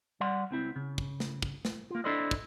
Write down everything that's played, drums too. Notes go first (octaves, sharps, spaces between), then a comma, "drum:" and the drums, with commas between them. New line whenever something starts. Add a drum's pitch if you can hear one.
G3 D5 F#5 C6
C#2 C4 E4
C#3
drum: kick
drum: snare
drum: kick
drum: snare
A#3 F4
D4 E4 A4 C5 D5 D#5
drum: kick